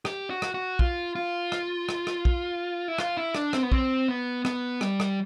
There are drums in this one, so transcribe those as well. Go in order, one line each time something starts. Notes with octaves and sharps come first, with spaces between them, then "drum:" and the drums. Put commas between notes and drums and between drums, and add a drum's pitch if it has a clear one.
G4, drum: rim click
F#4
drum: rim click
F#4
F4, drum: kick
F4
drum: rim click
drum: rim click
drum: rim click
drum: kick
E4
F4, drum: rim click
E4
D4, drum: rim click
C4, drum: rim click
B3
C4, drum: kick
B3
B3, drum: rim click
G3, drum: rim click
drum: rim click